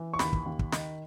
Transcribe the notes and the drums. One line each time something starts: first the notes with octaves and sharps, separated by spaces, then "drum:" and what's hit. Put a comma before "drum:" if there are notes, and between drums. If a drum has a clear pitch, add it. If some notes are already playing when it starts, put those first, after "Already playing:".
Already playing: E3
C#6
D#2 B5, drum: snare
drum: kick
D#2
drum: kick
D#3, drum: snare